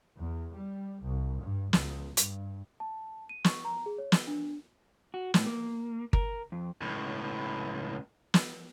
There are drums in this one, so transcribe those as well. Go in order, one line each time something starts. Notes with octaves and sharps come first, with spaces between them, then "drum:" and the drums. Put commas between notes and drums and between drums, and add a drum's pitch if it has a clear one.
E2
G3
C2
G2
C#2, drum: snare
G2, drum: hi-hat
A5
D#7
C#6, drum: snare
A#5
G#4
C#5
G7, drum: snare
D4
F#4
A2, drum: snare
A#3
A#4, drum: kick G1
F2
C#2 A2
drum: snare